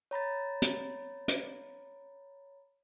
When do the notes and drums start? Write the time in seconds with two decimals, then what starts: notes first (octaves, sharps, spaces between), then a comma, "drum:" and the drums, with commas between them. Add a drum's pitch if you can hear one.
0.11 C#5 A#5 B5 A6
0.62 drum: hi-hat
1.28 drum: hi-hat